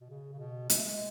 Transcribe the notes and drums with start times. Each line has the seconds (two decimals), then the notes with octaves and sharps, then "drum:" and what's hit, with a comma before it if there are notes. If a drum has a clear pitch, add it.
0.01 B2
0.10 C#3
0.33 C#3
0.39 B2
0.70 G#3, drum: hi-hat
0.77 A3
0.85 G#3